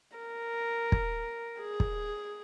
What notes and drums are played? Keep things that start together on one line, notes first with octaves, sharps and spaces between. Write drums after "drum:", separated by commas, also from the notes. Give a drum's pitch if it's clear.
A#4
drum: kick
G#4
drum: kick